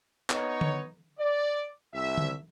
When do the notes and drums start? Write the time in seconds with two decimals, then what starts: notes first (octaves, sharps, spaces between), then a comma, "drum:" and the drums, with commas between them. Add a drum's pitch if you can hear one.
0.30 B3 D#4 C#5, drum: clap
0.61 drum: tom D3
1.18 D5
1.94 C2 E5
2.18 drum: tom D3